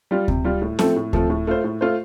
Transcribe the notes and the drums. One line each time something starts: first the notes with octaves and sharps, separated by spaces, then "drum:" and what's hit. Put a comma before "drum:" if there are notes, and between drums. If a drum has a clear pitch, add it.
G3 F4
C3, drum: kick D2
G3 F4
A2
F3 A3 C4 A4, drum: snare C#4
A2
F3 A3 C4 A4, drum: kick D2
A2
A3 F4 C5
A2
A3 F4 C5